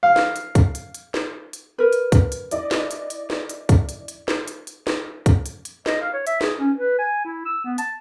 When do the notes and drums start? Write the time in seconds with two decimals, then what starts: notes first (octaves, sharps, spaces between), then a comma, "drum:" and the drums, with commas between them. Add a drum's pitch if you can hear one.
0.03 F5
0.16 drum: snare
0.36 drum: hi-hat
0.55 drum: kick, hi-hat
0.75 drum: hi-hat
0.94 drum: hi-hat
1.14 drum: snare
1.53 drum: hi-hat
1.78 A#4 B4
1.93 drum: hi-hat
2.12 drum: kick, hi-hat
2.32 drum: hi-hat
2.51 E4 D5 D#5, drum: hi-hat
2.71 drum: snare
2.91 drum: hi-hat
3.10 drum: hi-hat
3.30 drum: snare
3.49 drum: hi-hat
3.69 drum: kick, hi-hat
3.89 drum: hi-hat
4.08 drum: hi-hat
4.28 drum: snare
4.48 drum: hi-hat
4.67 drum: hi-hat
4.87 drum: snare
5.26 drum: kick, hi-hat
5.46 drum: hi-hat
5.65 drum: hi-hat
5.86 D#5, drum: snare
6.01 F5
6.13 C#5
6.27 E5, drum: hi-hat
6.41 G#4, drum: snare
6.59 C#4
6.78 B4
6.98 G#5
7.25 E4
7.45 E6
7.64 B3
7.78 A5, drum: hi-hat